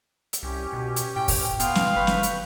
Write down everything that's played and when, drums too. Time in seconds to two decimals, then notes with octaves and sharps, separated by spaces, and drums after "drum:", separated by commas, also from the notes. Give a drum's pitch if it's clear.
0.33 drum: hi-hat
0.43 C2 C#4 G4
0.73 B2
0.96 drum: hi-hat
1.16 A2 G5
1.28 drum: kick, open hi-hat
1.60 B2 B3 F5 G5 C6 D#6, drum: hi-hat
1.75 drum: snare
1.96 G1 B4 B5 C#6 G6
2.07 drum: snare
2.23 drum: hi-hat